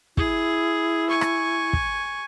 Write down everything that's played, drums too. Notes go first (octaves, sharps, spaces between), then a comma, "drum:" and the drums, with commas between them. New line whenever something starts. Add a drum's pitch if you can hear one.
E4 G#4, drum: kick
G#5 C#6
drum: rim click
drum: kick